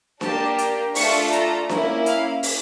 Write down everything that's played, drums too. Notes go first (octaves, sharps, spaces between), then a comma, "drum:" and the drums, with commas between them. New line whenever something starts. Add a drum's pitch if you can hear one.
A#3 D4 G4 A5, drum: snare D4
drum: hi-hat
A3 D4 F4 A4 C#6, drum: open hi-hat
A#5, drum: hi-hat
A#3 C#4 E4, drum: snare D4
F5, drum: hi-hat
drum: open hi-hat